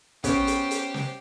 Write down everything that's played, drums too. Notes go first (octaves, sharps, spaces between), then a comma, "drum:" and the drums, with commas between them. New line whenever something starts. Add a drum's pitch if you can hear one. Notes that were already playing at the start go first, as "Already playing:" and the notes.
B3 C#4 G4 C5, drum: kick, hi-hat
drum: hi-hat
drum: hi-hat
drum: snare